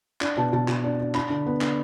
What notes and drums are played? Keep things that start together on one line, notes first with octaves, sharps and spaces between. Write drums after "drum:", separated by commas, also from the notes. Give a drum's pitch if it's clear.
D4, drum: clap
B2 A5
B2 A5
B2, drum: clap
D4
D4
D4 B5, drum: clap
D3
B3
D3, drum: clap